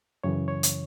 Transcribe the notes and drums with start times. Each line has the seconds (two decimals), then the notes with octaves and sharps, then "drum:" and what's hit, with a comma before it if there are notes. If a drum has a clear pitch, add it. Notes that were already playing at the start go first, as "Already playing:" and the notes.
0.24 F#2 C#3 E3 C#5
0.48 C#5
0.63 drum: hi-hat